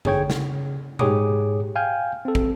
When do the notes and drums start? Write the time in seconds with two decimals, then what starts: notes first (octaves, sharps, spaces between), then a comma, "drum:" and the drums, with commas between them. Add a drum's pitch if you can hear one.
0.05 A1 D3 G#4 C#5 G5 G#6, drum: tom G2
0.30 C#3, drum: snare
0.99 G#2 G4 G#4 C#5 D6 D#6, drum: tom A#2
1.76 F5 G5 G#5 F6 G6
2.25 C4 A4
2.35 drum: kick